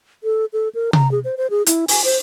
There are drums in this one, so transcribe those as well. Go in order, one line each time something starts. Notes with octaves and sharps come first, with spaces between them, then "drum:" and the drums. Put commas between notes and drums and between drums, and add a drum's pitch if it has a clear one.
A4
A4
A#4
A#5, drum: tom C3
G#4
C5
C5
G#4
E4, drum: hi-hat
G#5, drum: open hi-hat
C5